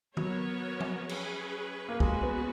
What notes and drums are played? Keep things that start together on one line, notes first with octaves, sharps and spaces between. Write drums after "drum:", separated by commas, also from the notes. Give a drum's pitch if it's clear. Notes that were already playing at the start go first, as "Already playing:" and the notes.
F#3 B3 F#4 A#4 C#5, drum: tom D#3
drum: tom F3
C#4 G#4 B4, drum: cymbal
A#3
G#3 C#4 F#4 B4, drum: kick
B3